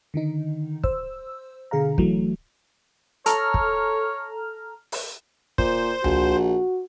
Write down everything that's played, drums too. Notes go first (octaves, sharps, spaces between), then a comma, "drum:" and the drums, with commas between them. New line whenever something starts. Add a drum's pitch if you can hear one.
D3 D#3 D#4
C5 E6, drum: kick
B2 D3 G#4 F5 A#5
E3 F#3 A3, drum: kick
A4 C#5 A#5 F6, drum: hi-hat
drum: kick
drum: open hi-hat
A#2 C5, drum: kick
A#1 F#4, drum: tom C#2